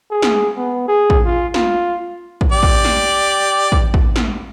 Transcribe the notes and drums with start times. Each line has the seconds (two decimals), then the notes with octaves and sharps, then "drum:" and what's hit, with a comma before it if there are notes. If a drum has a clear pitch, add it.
0.11 G#4
0.22 drum: snare
0.57 B3
0.88 G#4
1.10 drum: kick
1.25 F4
1.54 F4, drum: snare
2.41 drum: kick
2.52 G4 D5
2.63 drum: kick
2.85 drum: snare
3.72 drum: kick
3.94 drum: kick
4.16 drum: snare